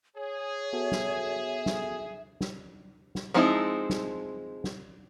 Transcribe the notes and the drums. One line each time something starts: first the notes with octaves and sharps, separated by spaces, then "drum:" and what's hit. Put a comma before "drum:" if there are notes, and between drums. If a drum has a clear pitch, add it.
G#4 C#5
B3 F#4 A4 E5
drum: snare
drum: snare
drum: snare
drum: snare
F3 G#3 C4 D#4 E4
drum: snare
drum: snare